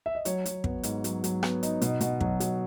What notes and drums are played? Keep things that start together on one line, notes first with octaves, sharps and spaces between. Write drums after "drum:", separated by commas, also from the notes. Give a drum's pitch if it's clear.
E5
D#5
F#3 C#5, drum: hi-hat
F#3, drum: hi-hat
B3, drum: kick
G#2, drum: hi-hat
F#3, drum: hi-hat
F#3, drum: hi-hat
B3, drum: rim click
D#4, drum: hi-hat
B2, drum: hi-hat
B2, drum: hi-hat
F#3, drum: kick
F#3, drum: hi-hat